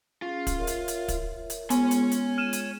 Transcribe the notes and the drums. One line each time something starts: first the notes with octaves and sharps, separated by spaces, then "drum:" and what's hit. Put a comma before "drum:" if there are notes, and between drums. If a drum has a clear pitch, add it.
C#4 F4 G#4
drum: kick, hi-hat
A#4 C#5 E5
drum: hi-hat
drum: hi-hat
drum: kick, hi-hat
drum: hi-hat
G#3 B3 F4 G#4 C#5 G#5, drum: hi-hat
drum: hi-hat
drum: hi-hat
F6 D#7 E7
drum: hi-hat